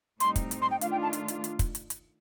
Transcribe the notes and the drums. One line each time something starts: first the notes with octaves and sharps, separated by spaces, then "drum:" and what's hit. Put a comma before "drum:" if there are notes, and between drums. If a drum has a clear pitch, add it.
A2 G3 C4 D#4 C6, drum: hi-hat
drum: kick, hi-hat
drum: hi-hat
C6
G5
D#3 A3 D4 F4 F5, drum: hi-hat
G5
A5
drum: hi-hat
drum: hi-hat
drum: hi-hat
drum: kick, hi-hat
drum: hi-hat
drum: hi-hat